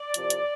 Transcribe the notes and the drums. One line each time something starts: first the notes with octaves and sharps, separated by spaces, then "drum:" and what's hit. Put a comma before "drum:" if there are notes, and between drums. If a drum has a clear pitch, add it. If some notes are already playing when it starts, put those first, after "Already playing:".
Already playing: D5
C2 C3 F3, drum: hi-hat
drum: hi-hat